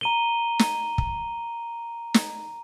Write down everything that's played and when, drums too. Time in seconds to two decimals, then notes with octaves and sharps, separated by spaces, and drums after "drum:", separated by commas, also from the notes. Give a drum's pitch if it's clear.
0.01 A#5 D#7 G7
0.59 drum: snare
0.98 drum: kick
2.14 drum: snare